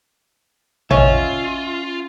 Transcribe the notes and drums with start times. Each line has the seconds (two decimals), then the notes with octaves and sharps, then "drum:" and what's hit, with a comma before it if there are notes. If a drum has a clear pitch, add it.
0.91 C#4 F4 C#5 D#5 E5, drum: tom A1